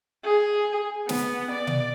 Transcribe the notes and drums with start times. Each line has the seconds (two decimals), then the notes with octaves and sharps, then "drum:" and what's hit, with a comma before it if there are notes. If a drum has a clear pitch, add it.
0.24 G#4
1.09 B3, drum: snare
1.52 D5
1.67 drum: tom B2